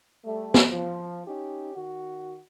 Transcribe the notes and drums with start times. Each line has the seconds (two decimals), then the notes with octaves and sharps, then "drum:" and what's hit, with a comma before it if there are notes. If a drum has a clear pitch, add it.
0.24 G3 A3
0.54 drum: snare
0.70 F3
1.26 C#4 D#4 G4
1.75 D#3 F#4